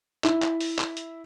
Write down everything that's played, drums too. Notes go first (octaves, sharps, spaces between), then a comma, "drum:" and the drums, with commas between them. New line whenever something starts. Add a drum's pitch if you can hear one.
E4, drum: clap
drum: clap
drum: open hi-hat
drum: clap
drum: hi-hat